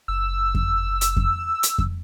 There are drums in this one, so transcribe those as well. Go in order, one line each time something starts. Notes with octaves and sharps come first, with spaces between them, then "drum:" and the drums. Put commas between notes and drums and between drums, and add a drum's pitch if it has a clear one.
F#1 E6
drum: kick F2
drum: hi-hat
drum: kick F2
drum: hi-hat
drum: kick F2